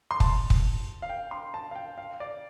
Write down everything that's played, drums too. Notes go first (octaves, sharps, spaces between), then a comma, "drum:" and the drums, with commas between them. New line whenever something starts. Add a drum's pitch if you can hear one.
C6
A5, drum: kick
drum: kick
F5
G5
C6
A5
F5
G5
F5
D5